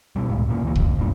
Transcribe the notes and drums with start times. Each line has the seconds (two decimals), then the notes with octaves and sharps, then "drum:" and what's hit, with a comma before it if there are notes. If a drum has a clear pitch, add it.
0.16 B2 G3
0.29 C#2 A2 G#3
0.48 A#2 C#3 A#3
0.63 D2 E3 A#3
0.75 F1 A#1 F2, drum: kick
0.97 C#2 G2 A#2